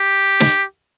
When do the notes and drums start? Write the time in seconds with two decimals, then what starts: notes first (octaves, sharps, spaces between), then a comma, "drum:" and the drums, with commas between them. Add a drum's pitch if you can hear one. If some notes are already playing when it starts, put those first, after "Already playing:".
Already playing: G4
0.40 drum: snare